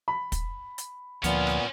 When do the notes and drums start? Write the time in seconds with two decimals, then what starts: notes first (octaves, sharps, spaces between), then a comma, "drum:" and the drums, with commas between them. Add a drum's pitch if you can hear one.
0.08 B5
0.32 drum: kick, hi-hat
0.78 drum: hi-hat
1.24 D2 A#2 F3 B3 C#4 F4, drum: hi-hat
1.47 drum: rim click